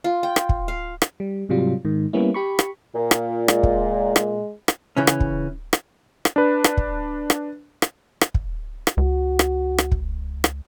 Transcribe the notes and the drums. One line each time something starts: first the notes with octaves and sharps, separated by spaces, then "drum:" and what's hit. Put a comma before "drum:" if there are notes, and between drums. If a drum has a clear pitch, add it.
F4
G5
drum: rim click
drum: kick
F5
drum: rim click
G3
G#2 C3 F#3 G3 F4
G#2 D#3
G3 A#3 B3 C#4 E4
G4 B5 C#6
drum: rim click
A#2
drum: rim click
G#3, drum: rim click
drum: kick
drum: rim click
drum: rim click
C#3 E3 C#4
drum: rim click
drum: kick
drum: rim click
drum: rim click
D4 B4
drum: rim click
drum: kick
drum: rim click
drum: rim click
drum: rim click
drum: kick
drum: rim click
C#2 F#4
drum: rim click
drum: rim click
drum: kick
drum: rim click